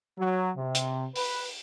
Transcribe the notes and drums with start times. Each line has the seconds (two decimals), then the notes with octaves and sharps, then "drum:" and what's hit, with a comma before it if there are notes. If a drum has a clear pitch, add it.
0.19 F#3
0.56 C3
0.75 drum: hi-hat
1.16 B4, drum: open hi-hat